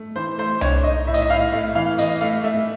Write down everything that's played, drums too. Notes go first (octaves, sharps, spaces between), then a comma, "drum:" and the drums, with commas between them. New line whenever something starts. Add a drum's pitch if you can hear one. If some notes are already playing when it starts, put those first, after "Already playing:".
Already playing: A3
E3 C5
A3 C5
D4 C#5, drum: tom C2
D#4 D#5
A2 E5
D#5, drum: hi-hat
E5
A2 F5
A3 F5
E3 F5
E3 D#5, drum: hi-hat
A3 F5
A3 E5